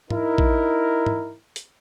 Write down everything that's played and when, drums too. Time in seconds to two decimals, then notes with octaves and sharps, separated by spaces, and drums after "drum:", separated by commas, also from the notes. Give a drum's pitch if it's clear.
0.10 D#4 E4 A#4, drum: tom G#2
0.38 drum: kick A#1
1.06 drum: tom G#2
1.56 drum: hi-hat